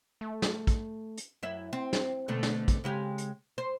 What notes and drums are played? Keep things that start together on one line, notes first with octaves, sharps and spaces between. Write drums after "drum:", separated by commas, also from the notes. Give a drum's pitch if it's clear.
A3
drum: snare
drum: kick, hi-hat
drum: hi-hat
F#2 E4 E5
C4
drum: snare
B2 D3 A3
drum: snare
drum: kick, hi-hat
C#3 G#3 G4
drum: hi-hat
C5